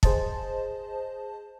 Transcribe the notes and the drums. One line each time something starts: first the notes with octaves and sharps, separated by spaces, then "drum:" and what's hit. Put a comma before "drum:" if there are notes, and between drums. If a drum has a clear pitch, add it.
G#4 C5 D#5 A5, drum: kick